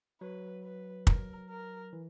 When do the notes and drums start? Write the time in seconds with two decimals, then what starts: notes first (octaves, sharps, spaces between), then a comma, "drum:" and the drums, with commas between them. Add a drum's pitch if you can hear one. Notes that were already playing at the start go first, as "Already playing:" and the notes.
0.21 F#3 B4
0.64 B4
1.07 A#4, drum: kick
1.50 A#4
1.93 E3